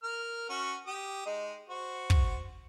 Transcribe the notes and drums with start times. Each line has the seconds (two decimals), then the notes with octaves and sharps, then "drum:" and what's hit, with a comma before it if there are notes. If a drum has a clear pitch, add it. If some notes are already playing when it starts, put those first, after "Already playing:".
0.03 A#4 F6
0.50 C#4 F#4
0.87 G4 D#6
1.26 G#3 D#4
1.69 F#4 C5 C#6
2.10 drum: kick